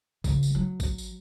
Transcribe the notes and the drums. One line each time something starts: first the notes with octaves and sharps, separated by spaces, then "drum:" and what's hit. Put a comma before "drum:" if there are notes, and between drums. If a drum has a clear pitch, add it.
C#3 F3, drum: kick A1, tambourine
drum: tambourine
F#3
drum: kick A1, tambourine
drum: tambourine